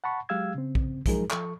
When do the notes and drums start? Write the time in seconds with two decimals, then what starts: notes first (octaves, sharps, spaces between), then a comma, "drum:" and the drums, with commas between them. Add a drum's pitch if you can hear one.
0.04 F#5 A5 B5 C#6
0.29 F#3 G#3 G4 F5 E6 G#6
0.55 C#3 C4
0.75 drum: kick
1.06 F3 F#3 G#3 D#4 G#4 A#4, drum: kick, hi-hat
1.31 F3 A4 C#6, drum: clap